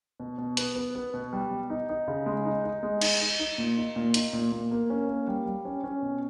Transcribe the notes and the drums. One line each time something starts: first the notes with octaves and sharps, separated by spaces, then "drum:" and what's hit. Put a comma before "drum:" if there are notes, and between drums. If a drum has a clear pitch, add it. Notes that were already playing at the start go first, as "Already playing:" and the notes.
B2
B2
B3, drum: hi-hat
B3
B3
B2
G3
B2
D#4
D#4
C#3
G#3
D#4
D#4
G#3
D#4, drum: cymbal
D#4
D#4
A#2
D#4
A#2
D#4, drum: hi-hat
A#2
A#2
A#3
C#4
A#3
G3
G3
C#4
C#4
B2